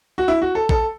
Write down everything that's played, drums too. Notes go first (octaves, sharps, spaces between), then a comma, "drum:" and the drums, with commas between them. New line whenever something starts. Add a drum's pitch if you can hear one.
F#4
E4
F#4
A4
A4, drum: kick A1